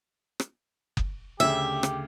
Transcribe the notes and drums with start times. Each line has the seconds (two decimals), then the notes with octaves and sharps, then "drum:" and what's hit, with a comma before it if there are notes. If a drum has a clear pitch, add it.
0.40 drum: rim click
0.97 drum: kick F#1
1.40 D2 C#3 G4 E5 E6
1.83 drum: rim click